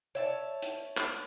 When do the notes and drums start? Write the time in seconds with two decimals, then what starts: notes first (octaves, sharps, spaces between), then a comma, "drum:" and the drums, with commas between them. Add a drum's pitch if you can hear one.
0.15 C#5 E5 A5
0.62 drum: hi-hat
0.97 drum: clap